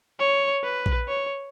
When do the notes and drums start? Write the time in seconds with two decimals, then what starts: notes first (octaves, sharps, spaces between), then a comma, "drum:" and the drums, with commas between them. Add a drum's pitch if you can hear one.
0.20 C#5
0.64 B4
0.86 drum: kick A#1
1.08 C#5